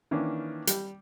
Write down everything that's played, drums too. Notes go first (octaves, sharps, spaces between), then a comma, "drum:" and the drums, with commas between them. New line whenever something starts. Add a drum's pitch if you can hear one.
D#3 E3 A#3 C#4 D4
G3, drum: hi-hat